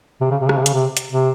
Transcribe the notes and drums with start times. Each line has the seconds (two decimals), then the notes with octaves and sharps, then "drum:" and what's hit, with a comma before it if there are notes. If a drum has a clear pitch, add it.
0.21 C3
0.31 C#3
0.41 C3
0.49 C#3, drum: rim click
0.58 C3
0.66 C#3, drum: hi-hat
0.74 C3
0.97 drum: hi-hat
1.12 C3